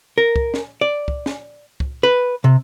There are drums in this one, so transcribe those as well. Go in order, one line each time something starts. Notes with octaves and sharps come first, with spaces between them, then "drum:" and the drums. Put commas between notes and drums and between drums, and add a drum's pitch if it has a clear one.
A#4
drum: kick
drum: snare
D5
drum: kick
drum: snare
drum: kick
B4
C3